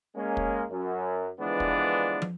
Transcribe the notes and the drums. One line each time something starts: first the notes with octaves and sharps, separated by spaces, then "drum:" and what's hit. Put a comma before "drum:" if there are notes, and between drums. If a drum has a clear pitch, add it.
G#3 A#3 C#4
drum: kick
F#2
D3 E3 F3 G#3 B3 D4
drum: kick
drum: tom